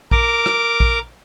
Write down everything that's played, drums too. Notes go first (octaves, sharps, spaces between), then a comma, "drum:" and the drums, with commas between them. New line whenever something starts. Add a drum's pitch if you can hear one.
A#4 D6, drum: kick A#1
drum: rim click
drum: kick A#1